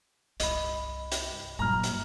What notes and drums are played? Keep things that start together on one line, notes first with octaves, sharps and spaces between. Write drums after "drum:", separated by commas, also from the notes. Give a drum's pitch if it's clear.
C2 G2 D#5 B5, drum: hi-hat
drum: hi-hat
G2 A#2 F#3 G3 A#5 F6
drum: hi-hat